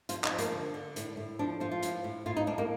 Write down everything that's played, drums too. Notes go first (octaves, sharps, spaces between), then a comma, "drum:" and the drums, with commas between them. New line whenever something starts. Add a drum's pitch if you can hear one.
F3 F4, drum: hi-hat
D#4, drum: clap
F3
A#3, drum: hi-hat
D3
D3
A2, drum: hi-hat
A2
F3 D4
F3 F4
F4
A2, drum: hi-hat
A2
A2 F4
D#4
A2 D4
A#3